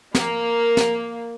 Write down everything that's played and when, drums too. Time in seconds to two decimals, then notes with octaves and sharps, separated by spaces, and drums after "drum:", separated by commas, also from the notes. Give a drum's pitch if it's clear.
0.15 A#3, drum: snare
0.77 drum: snare